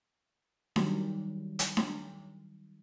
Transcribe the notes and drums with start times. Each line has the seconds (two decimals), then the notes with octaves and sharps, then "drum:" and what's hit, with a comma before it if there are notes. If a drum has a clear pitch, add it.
0.76 D#3 F#3 G3, drum: snare D4
1.59 drum: hi-hat
1.77 drum: snare D4